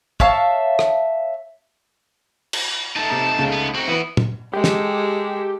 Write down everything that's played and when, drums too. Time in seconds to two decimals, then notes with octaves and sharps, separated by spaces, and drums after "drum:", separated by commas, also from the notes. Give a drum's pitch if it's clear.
0.20 C#5 E5 F5 A5, drum: kick
0.79 drum: rim click
2.53 drum: cymbal
2.96 A3 D#4 A5
3.10 C3 A#5
3.38 C#2 C#3 A4
3.53 B3
3.75 C4 D#4 F#4
3.88 E3 B3 E4 B4
4.17 drum: tom
4.53 G#3 G4 A4
4.64 drum: snare